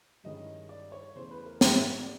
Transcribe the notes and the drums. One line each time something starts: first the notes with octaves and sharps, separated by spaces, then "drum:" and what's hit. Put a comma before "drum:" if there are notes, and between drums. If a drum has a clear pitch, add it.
G2 D#3 G#3 C#4 E4 D#5
D5
C#5
E2 C#3 E3 A3 C5
B4
A#4
B4, drum: snare
D5